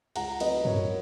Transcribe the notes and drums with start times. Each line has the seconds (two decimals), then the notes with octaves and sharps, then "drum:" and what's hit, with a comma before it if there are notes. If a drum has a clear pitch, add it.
0.16 C#2 F#5 A#5, drum: cymbal
0.40 F#3 B4 D#5, drum: cymbal
0.65 F#3 A#4 C#5, drum: tom